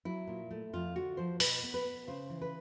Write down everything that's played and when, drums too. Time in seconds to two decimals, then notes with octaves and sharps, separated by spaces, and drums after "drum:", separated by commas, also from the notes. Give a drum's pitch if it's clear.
0.05 F#3 E4
0.27 A#2
0.51 A3
0.73 F2 F4
0.96 D3 F#4
1.17 F3 C5
1.40 B2 B4, drum: open hi-hat
1.63 B3
1.74 B4
1.85 B3
2.07 C#3 C5
2.30 E3
2.42 B4